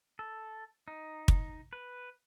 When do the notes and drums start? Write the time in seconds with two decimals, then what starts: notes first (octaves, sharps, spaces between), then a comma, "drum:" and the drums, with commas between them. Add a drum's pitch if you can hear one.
0.19 A4
0.88 D#4
1.28 drum: kick
1.73 B4